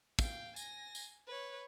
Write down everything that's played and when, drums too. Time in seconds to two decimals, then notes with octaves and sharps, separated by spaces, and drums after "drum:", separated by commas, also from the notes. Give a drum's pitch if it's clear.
0.19 F5 G5, drum: kick, tambourine
0.56 G#5 A#6, drum: tambourine
0.95 drum: tambourine
1.27 B4 C#5